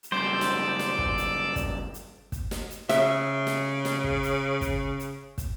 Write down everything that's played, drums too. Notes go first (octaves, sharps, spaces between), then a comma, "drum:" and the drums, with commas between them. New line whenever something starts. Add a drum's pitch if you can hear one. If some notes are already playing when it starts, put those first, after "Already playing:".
drum: hi-hat
F#2 C#3 G3 C5 D5 D6 E6
drum: snare
drum: snare
drum: kick
drum: hi-hat
drum: kick, hi-hat
drum: hi-hat
drum: kick, hi-hat
drum: snare
drum: hi-hat
C#3 E5, drum: snare
drum: snare
drum: snare
drum: kick
drum: hi-hat
drum: kick, hi-hat
drum: hi-hat
drum: kick, hi-hat